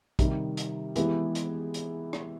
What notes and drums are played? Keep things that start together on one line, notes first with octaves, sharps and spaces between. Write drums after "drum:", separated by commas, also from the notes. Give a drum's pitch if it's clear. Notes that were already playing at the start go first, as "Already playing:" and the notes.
C3 D#3 G3, drum: kick, hi-hat
drum: hi-hat
E3 G#3 B3 E4 G4, drum: hi-hat
drum: hi-hat
drum: hi-hat
drum: rim click